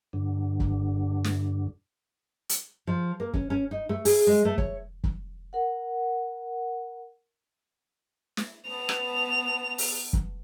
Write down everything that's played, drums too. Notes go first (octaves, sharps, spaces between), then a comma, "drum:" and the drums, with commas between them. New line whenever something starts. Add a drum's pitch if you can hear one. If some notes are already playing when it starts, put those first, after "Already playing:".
G2 D3
drum: kick
drum: snare
drum: hi-hat
F3
A#3
C#4, drum: kick
C#4
D#4
A3
G#4, drum: open hi-hat
G#3
A3
C#5, drum: kick
drum: kick
A#4 F#5
drum: snare
B3 A5 F7
drum: rim click
drum: open hi-hat
drum: kick